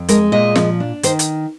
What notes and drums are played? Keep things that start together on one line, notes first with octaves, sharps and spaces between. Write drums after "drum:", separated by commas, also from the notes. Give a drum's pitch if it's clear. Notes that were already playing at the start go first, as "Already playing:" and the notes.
Already playing: F2
G#3 A#4, drum: hi-hat
A#2 D#5
F3, drum: snare
D4
D#3 C5, drum: hi-hat
drum: hi-hat